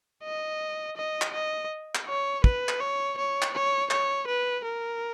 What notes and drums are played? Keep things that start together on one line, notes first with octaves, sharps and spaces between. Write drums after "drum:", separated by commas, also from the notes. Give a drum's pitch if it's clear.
D#5
D#5
drum: clap
D#5
drum: clap
C#5
B4, drum: kick
drum: clap
C#5
C#5
drum: clap
C#5
C#5, drum: clap
B4
A#4